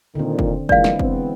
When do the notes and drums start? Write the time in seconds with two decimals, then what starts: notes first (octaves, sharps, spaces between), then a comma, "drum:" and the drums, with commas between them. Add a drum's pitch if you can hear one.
0.15 A#2 D3 D#3 C4
0.39 drum: kick
0.69 A#2 E3 G#3 D5 F5, drum: kick
0.84 drum: snare
0.99 B3 C4, drum: kick